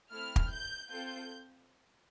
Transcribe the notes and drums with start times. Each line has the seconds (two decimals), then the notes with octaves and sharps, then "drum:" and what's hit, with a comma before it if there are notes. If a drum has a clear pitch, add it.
0.10 A3 C4 E4 F6
0.36 drum: kick
0.51 G6
0.91 C4 F4 A4 G6